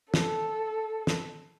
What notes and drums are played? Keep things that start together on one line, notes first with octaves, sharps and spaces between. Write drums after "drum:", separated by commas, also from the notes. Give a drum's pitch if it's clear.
A4, drum: snare
drum: snare